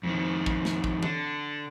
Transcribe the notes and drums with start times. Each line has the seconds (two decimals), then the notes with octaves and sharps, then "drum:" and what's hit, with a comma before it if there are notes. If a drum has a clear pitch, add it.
0.03 F2 D#3
0.46 drum: kick
0.65 drum: snare
0.84 drum: kick
1.03 D3, drum: tom E3